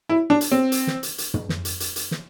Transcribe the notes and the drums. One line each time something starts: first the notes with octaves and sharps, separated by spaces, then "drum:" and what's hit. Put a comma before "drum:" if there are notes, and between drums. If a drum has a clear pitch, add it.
E4
D4
drum: hi-hat
C4
drum: hi-hat
drum: snare
drum: hi-hat
drum: hi-hat
drum: tom
drum: snare
drum: hi-hat
drum: hi-hat
drum: hi-hat
drum: snare